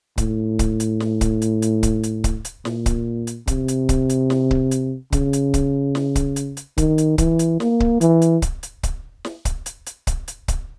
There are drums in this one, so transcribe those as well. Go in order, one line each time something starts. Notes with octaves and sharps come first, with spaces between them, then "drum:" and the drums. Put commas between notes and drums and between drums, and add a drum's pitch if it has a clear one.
A2, drum: kick C#1, hi-hat
drum: kick C#1, hi-hat
drum: hi-hat
drum: snare
drum: kick C#1, hi-hat
drum: hi-hat
drum: hi-hat
drum: kick C#1, hi-hat
drum: hi-hat
drum: kick C#1, hi-hat
drum: hi-hat
A#2, drum: snare
drum: kick C#1, hi-hat
drum: hi-hat
C3, drum: kick C#1, hi-hat
drum: hi-hat
drum: kick C#1, hi-hat
drum: hi-hat
drum: snare
drum: kick C#1
drum: hi-hat
C#3, drum: kick C#1, hi-hat
drum: hi-hat
drum: kick C#1, hi-hat
drum: snare
drum: kick C#1, hi-hat
drum: hi-hat
drum: hi-hat
D#3, drum: kick C#1, hi-hat
drum: hi-hat
E3, drum: kick C#1, hi-hat
drum: hi-hat
A#3, drum: snare
drum: kick C#1
E3, drum: hi-hat
drum: hi-hat
drum: kick C#1, hi-hat
drum: hi-hat
drum: kick C#1, hi-hat
drum: snare
drum: kick C#1, hi-hat
drum: hi-hat
drum: hi-hat
drum: kick C#1, hi-hat
drum: hi-hat
drum: kick C#1, hi-hat